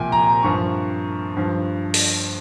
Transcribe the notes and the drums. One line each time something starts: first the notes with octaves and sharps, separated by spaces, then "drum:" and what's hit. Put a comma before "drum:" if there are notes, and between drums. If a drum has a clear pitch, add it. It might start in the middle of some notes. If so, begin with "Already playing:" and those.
Already playing: C2 A#2 F3 G5 G#5
A#5
G2 F3 C#6
G2 F3
drum: open hi-hat